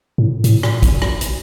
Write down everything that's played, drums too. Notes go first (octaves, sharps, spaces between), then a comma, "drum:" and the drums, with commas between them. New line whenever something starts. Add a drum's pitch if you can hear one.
A2
A2, drum: hi-hat
drum: rim click
drum: kick, hi-hat
drum: rim click
drum: hi-hat